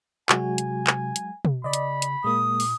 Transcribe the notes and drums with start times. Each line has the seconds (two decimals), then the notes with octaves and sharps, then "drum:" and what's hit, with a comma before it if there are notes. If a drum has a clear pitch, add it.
0.29 C3 F#3 G#3 F#4 G#5, drum: clap
0.58 drum: hi-hat
0.87 drum: clap
1.16 drum: hi-hat
1.45 drum: tom B2
1.64 C#3 D5 D#5 B5
1.73 drum: hi-hat
2.02 drum: hi-hat
2.24 A#2 G#3 A#3 D#6
2.60 drum: open hi-hat